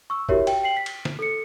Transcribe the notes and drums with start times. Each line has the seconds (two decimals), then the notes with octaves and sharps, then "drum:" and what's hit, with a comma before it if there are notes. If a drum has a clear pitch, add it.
0.10 C#6 E6
0.29 E4 F#4 G4 A#4 C#5 E5, drum: kick
0.47 G5, drum: cymbal
0.63 G5 C7 F#7
0.77 B6
0.86 drum: cymbal
1.05 drum: snare
1.19 A4 C#7